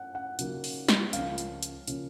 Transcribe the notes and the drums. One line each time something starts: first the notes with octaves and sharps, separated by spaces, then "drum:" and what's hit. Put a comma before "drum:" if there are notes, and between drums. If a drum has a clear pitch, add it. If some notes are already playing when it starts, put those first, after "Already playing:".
Already playing: F#5
F#5
C#3 F#3 A#3 D#4 F#4, drum: hi-hat
drum: open hi-hat
drum: snare
C#2 C#3 F3 A#3 C#4 F5, drum: hi-hat
drum: hi-hat
drum: hi-hat
C#3 F3 A#3 C#4, drum: hi-hat